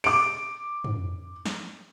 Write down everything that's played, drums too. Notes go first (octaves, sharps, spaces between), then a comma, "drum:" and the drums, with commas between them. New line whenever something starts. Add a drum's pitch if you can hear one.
D6 D7, drum: cymbal
drum: tom
drum: snare